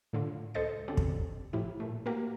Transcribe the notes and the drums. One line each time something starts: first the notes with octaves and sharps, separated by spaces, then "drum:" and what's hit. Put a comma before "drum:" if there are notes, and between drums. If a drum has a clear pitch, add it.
A2 D3 F4
C#2 A4 C5 D#5 A6 C#7
B2 D3 C4 C#4 G4 A4
drum: kick
A2 F3 E4 G4
A#2 A3
A#3 F#4 G4 A#4